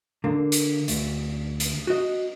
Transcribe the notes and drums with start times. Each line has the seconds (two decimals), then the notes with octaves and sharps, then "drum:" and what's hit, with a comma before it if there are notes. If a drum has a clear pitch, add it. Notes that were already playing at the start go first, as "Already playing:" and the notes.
0.24 D3 A#3
0.52 drum: hi-hat
0.88 D2, drum: hi-hat
1.60 drum: hi-hat
1.87 F#4 D#5